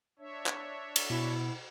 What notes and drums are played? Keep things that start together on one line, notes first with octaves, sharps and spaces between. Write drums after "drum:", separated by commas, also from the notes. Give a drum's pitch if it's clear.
D4 C#5 E5
drum: clap
drum: cymbal
B2 E4